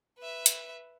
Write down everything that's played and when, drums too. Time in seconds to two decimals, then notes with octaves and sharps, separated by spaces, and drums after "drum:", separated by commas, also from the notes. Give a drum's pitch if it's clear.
0.19 B4 E5
0.46 drum: hi-hat